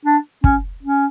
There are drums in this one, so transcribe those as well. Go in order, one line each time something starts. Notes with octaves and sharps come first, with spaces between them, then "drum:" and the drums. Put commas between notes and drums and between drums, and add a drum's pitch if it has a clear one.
D4
C#4, drum: kick
C#4